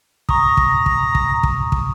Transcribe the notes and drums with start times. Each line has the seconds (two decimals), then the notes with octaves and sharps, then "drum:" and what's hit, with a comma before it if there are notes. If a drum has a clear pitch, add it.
0.29 A#5 C#6 D#6, drum: kick
0.57 drum: kick
0.86 drum: kick
1.15 drum: kick
1.43 drum: kick
1.72 drum: kick